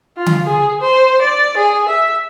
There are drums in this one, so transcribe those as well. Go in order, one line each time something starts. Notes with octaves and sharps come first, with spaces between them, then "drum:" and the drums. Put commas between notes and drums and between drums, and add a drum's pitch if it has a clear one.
F4
drum: tom D3
G#4
C5
D5
G#4
E5